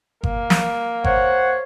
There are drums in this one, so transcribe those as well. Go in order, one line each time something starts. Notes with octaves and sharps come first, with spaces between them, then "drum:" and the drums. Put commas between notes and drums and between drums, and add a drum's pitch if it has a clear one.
A#3, drum: kick G1
drum: snare
C5 C#5 F#5, drum: kick G1